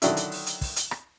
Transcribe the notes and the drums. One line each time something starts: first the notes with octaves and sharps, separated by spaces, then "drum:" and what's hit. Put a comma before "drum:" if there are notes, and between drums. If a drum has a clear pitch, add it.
D3 D#3 F#3 D4 E4, drum: hi-hat
drum: hi-hat
drum: open hi-hat
drum: hi-hat
drum: kick, open hi-hat
drum: hi-hat
drum: rim click